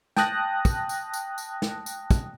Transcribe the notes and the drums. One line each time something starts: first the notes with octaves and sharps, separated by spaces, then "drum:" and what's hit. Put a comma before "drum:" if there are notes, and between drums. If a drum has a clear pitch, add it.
G5 A5 D#6 F#6 A#6, drum: snare
drum: kick, tambourine
drum: tambourine
drum: tambourine
drum: tambourine
drum: snare
drum: tambourine
drum: kick, tambourine